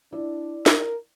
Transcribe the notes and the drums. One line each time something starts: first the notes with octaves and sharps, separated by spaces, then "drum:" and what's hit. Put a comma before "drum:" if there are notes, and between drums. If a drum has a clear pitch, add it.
D4 E4 D5
A#4, drum: snare